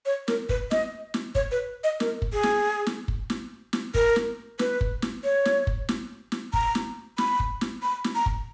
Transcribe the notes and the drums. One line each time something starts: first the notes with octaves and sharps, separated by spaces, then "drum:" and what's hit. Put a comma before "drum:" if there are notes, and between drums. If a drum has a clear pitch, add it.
C#5
A#4, drum: snare
B4, drum: kick
D#5, drum: snare
drum: snare
C#5, drum: kick
B4
D#5
A#4, drum: snare
drum: kick
G#4
drum: snare
drum: snare
drum: kick
drum: snare
drum: snare
A#4, drum: kick
drum: snare
B4, drum: snare
drum: kick
drum: snare
C#5
drum: snare
drum: kick
drum: snare
drum: snare
A#5, drum: kick
drum: snare
B5, drum: snare
drum: kick
drum: snare
B5
drum: snare
A#5
drum: kick